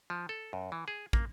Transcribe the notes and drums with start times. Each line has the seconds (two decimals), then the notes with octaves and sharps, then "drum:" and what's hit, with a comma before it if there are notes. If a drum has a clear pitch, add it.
0.10 F3
0.29 A4
0.53 F#2
0.72 E3
0.88 G#4
1.13 A#3, drum: kick